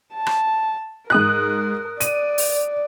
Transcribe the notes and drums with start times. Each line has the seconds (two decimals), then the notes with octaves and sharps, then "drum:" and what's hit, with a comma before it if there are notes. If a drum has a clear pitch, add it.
0.14 A5
0.26 drum: rim click
1.10 G#2 A#4 D#6 F#6
2.00 D5 D#7, drum: hi-hat
2.38 drum: open hi-hat